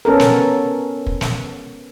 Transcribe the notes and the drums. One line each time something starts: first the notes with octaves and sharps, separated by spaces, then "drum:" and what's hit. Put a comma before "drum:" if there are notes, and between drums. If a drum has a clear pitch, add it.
B3 C#4 A4 A#4
drum: snare
drum: kick
drum: snare